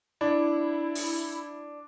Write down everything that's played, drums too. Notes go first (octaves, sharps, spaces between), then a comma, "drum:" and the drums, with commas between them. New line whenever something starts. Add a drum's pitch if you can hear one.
D4 E4
drum: open hi-hat